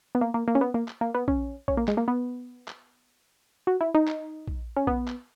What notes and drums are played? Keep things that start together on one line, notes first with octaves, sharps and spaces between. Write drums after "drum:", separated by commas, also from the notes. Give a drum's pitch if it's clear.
B3
A#3
A#3
A#3
C#4
B3
A#3
drum: clap
A#3
B3
C#4, drum: kick A#1
C#4, drum: kick A#1
A#3
G#3, drum: clap
A#3
B3
drum: clap
F#4
E4
D#4
drum: clap
drum: kick A#1
C#4
B3, drum: kick A#1
drum: clap